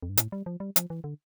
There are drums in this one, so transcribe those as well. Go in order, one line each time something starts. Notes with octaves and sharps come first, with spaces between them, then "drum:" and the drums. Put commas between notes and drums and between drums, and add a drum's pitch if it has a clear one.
F2
G2
A2, drum: hi-hat
G3
F3
G3
F3, drum: hi-hat
E3
D3